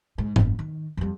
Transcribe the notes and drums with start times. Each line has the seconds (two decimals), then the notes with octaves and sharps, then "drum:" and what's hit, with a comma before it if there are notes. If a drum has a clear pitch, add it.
0.18 G#2
0.36 F#1 F3, drum: tom G#2
0.59 D#3
0.97 F2 G3